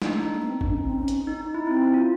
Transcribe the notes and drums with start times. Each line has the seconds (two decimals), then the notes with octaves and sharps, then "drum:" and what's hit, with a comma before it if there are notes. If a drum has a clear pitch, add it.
0.02 D4, drum: snare
0.07 A3 D#4
0.21 G#3
0.35 A#3
0.42 B3
0.48 C4
0.61 D4, drum: kick
0.73 C#4
0.85 C4
0.96 C#4
1.08 drum: hi-hat
1.27 D#4
1.41 D#4
1.55 E4
1.67 C4 E4
1.94 F4